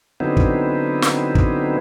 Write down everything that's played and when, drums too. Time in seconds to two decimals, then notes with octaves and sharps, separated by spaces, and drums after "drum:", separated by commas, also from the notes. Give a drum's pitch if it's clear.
0.20 D3 F#3 B3 C4 D#4 E4
0.37 drum: kick
1.02 drum: snare
1.35 drum: kick